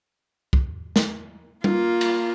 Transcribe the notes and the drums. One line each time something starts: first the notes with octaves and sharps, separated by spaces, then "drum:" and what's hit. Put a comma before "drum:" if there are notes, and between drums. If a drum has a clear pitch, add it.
drum: kick C2
drum: snare
A#3 F4, drum: tom G3
drum: cymbal